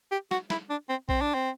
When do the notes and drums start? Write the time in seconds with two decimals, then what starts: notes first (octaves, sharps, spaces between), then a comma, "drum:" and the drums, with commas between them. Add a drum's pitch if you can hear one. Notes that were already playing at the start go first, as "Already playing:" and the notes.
0.11 G4
0.31 F#4, drum: snare
0.50 E4, drum: snare
0.70 D4
0.89 C4
1.09 C4, drum: kick A#1
1.21 D4
1.34 C4